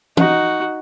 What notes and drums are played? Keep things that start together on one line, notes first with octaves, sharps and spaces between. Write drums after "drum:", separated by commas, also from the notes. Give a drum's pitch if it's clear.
D#4 F#4, drum: tom